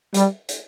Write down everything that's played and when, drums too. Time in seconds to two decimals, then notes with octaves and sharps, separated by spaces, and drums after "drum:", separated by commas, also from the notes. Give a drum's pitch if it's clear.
0.14 G3, drum: hi-hat
0.49 drum: hi-hat